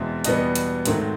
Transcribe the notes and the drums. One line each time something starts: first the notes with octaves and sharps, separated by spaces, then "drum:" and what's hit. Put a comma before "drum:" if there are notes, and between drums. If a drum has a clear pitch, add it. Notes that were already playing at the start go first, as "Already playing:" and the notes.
Already playing: E2 B2 G#3 C4 E5
E2 B2 G3 B3 D#5, drum: hi-hat
drum: hi-hat
G#2 D#3 F#3 A3 C4, drum: hi-hat